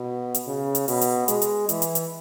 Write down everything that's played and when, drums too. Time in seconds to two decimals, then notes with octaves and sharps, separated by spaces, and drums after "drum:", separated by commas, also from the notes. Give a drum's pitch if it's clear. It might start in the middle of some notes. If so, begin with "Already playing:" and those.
Already playing: B2
0.35 drum: hi-hat
0.47 C#3
0.75 drum: hi-hat
0.88 B2, drum: open hi-hat
1.01 drum: hi-hat
1.28 G#3, drum: hi-hat
1.42 drum: hi-hat
1.69 E3, drum: hi-hat
1.82 drum: hi-hat
1.95 drum: hi-hat